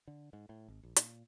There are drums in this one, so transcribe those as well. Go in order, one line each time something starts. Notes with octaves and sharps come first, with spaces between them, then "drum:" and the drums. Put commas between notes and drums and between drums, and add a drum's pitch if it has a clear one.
D3
G#2
A2
G#1
A#1
A#2, drum: hi-hat